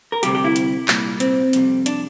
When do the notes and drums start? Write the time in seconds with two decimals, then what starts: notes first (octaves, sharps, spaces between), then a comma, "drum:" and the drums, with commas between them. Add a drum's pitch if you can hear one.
0.12 A#4
0.23 D2 C3 G3 G4, drum: hi-hat
0.35 G4
0.44 E4
0.56 drum: hi-hat
0.88 C2 A#2 G3, drum: clap
1.20 C4, drum: hi-hat
1.53 F2 C3 G3, drum: hi-hat
1.86 D4, drum: hi-hat